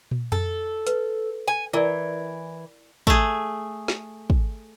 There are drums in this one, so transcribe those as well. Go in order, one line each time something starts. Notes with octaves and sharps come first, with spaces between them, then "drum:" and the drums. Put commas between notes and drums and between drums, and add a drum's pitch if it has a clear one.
drum: tom
A4, drum: tom F2
B4, drum: hi-hat
G#5
E3 E4 A#4 D5
A3 G#4, drum: kick
drum: snare
drum: kick